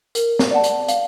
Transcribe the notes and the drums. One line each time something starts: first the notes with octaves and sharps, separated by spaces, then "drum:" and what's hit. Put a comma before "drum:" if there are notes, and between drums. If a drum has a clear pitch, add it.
A#4, drum: hi-hat
drum: snare
D5 F#5 A5
drum: hi-hat
F5, drum: hi-hat